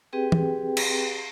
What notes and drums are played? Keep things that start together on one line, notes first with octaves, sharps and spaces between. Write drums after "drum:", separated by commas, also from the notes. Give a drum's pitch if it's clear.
C4 G4 G#4 B4 G5
drum: tom E3
drum: cymbal